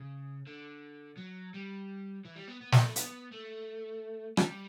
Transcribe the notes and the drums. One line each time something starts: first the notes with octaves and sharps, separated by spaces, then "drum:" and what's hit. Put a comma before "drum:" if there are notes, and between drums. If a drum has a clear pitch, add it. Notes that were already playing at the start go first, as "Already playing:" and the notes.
Already playing: C#3
D3
F#3
G3
E3
G3
B3
B3
B3, drum: snare
A3
B3, drum: hi-hat
A3
G3, drum: rim click